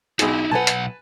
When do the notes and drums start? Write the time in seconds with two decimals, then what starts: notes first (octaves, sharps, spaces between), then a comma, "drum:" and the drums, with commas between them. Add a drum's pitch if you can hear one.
0.19 B1 D#4 E4 G#4, drum: hi-hat
0.51 B1 B4 F#5 G#5 A5
0.67 drum: hi-hat